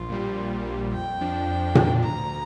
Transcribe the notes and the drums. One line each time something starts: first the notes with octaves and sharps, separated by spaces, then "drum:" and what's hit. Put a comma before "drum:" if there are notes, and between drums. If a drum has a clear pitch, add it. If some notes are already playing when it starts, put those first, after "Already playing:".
Already playing: A#1 F4
A#2 G3
A#1
A#2 G3
F2 G5
F3 D4
F2
F3 D4, drum: tom A#2
D2 A#5